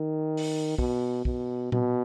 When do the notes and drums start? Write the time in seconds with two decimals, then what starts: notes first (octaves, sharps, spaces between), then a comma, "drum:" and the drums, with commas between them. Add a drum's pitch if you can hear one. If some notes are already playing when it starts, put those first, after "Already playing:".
Already playing: D#3
0.37 drum: open hi-hat
0.78 B2, drum: kick
1.25 B2, drum: kick
1.72 B2, drum: tom A#2